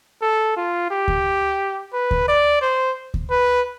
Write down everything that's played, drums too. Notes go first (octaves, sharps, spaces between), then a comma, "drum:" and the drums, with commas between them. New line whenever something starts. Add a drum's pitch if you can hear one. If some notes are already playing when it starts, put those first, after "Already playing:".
A4
F4
G4
drum: kick D2
B4
drum: kick D2
D5
C5
drum: kick D2
B4